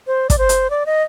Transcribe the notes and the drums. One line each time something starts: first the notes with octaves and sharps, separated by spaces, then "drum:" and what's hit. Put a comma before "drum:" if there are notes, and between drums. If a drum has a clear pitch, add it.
C5
D5, drum: kick, hi-hat
C5
drum: hi-hat
D5
D#5